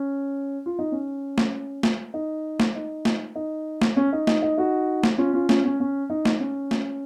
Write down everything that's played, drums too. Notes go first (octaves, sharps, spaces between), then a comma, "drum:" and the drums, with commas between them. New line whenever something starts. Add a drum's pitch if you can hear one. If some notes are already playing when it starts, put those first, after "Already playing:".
Already playing: C#4
F4
D#4
C#4
drum: snare
drum: snare
D#4
drum: snare
D#4
drum: snare
D#4
drum: snare
C#4
D#4
D#4, drum: snare
D#4
D#4 F#4
drum: snare
C#4 F4
C#4 F4
C#4 F4, drum: snare
C#4
C#4
D#4
drum: snare
C#4
drum: snare